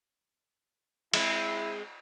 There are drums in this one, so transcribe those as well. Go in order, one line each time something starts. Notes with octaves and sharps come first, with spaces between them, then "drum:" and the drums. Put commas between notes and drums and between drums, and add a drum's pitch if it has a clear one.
G#3 C4 E4, drum: cymbal